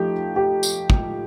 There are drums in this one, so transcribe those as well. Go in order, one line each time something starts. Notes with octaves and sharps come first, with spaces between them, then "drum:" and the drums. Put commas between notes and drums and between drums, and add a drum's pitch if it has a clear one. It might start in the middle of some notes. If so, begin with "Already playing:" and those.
Already playing: F3 A3 D#4 G4
G4
drum: tambourine
drum: kick